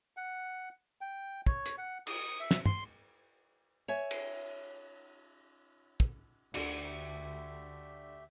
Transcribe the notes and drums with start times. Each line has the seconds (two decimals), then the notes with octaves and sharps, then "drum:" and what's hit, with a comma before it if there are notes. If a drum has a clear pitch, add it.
0.17 F#5
1.01 G5
1.46 C#5, drum: kick
1.66 drum: hi-hat
1.78 F#5
2.07 D#6, drum: cymbal
2.40 E5
2.51 drum: snare
2.66 C6, drum: tom
3.88 C#5 E5 G#5
4.11 drum: cymbal
6.00 drum: kick
6.54 D2 D3 A3 G4 E5, drum: cymbal